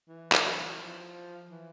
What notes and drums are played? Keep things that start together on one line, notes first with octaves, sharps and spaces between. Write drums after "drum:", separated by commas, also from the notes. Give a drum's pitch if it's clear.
E3
drum: clap
F3
E3